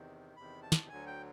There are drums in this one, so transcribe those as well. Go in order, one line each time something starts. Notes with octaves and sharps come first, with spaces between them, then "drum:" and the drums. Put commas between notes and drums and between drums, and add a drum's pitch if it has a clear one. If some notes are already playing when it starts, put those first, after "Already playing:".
Already playing: E2 C3 D#3
E2 C3 D#3 B5
A5
drum: snare
D2 D3 F#3 G#5
G5